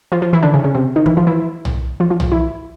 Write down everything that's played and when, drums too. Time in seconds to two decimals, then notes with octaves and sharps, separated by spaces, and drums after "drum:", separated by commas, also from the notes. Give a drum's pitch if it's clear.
0.12 F3 F4
0.22 F3 F4
0.33 E3 E4
0.43 D3 D4
0.54 C#3 C#4
0.64 C#3 C#4
0.75 C3 C4
0.96 D#3 D#4
1.06 E3 E4, drum: kick
1.17 F3 F4
1.27 E3 E4
1.65 drum: tom
2.00 F3 F4
2.10 F3 F4
2.20 drum: tom
2.32 E3 E4